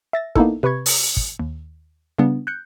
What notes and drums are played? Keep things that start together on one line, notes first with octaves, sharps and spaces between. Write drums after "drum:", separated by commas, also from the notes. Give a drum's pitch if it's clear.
E5 A6 A#6
A#3 B3 D#4 E4 A4, drum: kick
C3 B4 B5 C#6 G#6
drum: open hi-hat
drum: kick
D#2
C#3 G3 B3 D4
F#6 G6 C#7